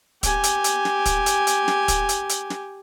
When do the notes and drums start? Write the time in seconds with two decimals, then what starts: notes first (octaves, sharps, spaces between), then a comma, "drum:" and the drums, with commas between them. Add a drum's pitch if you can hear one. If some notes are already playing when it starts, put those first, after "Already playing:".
0.23 G4 G#5, drum: kick, hi-hat
0.44 drum: hi-hat
0.64 drum: hi-hat
0.85 drum: snare
1.06 drum: kick, hi-hat
1.26 drum: hi-hat
1.47 drum: hi-hat
1.68 drum: snare
1.88 drum: kick, hi-hat
2.09 drum: hi-hat
2.30 drum: hi-hat
2.50 drum: snare